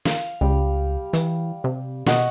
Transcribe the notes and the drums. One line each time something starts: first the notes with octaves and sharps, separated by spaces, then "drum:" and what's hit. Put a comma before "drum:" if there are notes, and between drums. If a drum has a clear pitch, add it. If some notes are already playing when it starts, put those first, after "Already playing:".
F5, drum: snare
C#2 G3
E3, drum: hi-hat
C3
B2 D#5 F#5 C#6, drum: snare